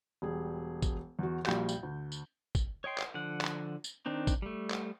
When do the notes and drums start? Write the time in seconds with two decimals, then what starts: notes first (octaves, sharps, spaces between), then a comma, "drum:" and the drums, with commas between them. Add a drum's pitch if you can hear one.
0.22 E1 G3 G#4
0.82 drum: kick, tambourine
1.19 E2 F#4
1.46 A#1 A#2 G3 F#4 G5 G6, drum: clap
1.69 drum: tambourine
1.83 D2
2.12 drum: tambourine
2.55 drum: kick, tambourine
2.84 C#5 D#5 G5 C6
2.98 drum: clap
3.14 D3 F3 F#5
3.41 drum: clap
3.84 drum: tambourine
4.06 D#3 C4 D4 D#4
4.27 drum: kick, tambourine
4.42 G3 A3
4.70 drum: clap